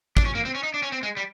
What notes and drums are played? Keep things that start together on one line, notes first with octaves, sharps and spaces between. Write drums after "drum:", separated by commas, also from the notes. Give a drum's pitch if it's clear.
D4, drum: kick
C#4
A#3
C4
C#4
D#4
D4
C#4
C4
G#3
G3